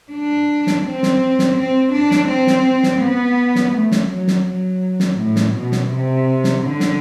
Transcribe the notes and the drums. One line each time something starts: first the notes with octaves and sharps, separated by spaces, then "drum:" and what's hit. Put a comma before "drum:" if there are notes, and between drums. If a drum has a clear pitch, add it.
D4
drum: snare
C4
drum: snare
drum: snare
C4
D4
drum: snare
C4
drum: snare
drum: snare
B3
drum: snare
A3
drum: snare
F#3
drum: snare
F#3
drum: snare
A2
drum: snare
B2
drum: snare
C3
drum: snare
D3
drum: snare